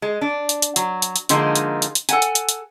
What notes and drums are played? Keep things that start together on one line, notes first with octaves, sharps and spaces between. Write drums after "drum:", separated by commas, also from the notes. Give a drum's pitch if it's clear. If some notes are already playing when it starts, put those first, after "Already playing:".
G#3
D4
drum: hi-hat
drum: hi-hat
F#3, drum: hi-hat
drum: hi-hat
drum: hi-hat
D3 F3 G#3 A#3 D#4, drum: hi-hat
drum: hi-hat
drum: hi-hat
drum: hi-hat
A4 F#5 G#5, drum: hi-hat
drum: hi-hat
drum: hi-hat
drum: hi-hat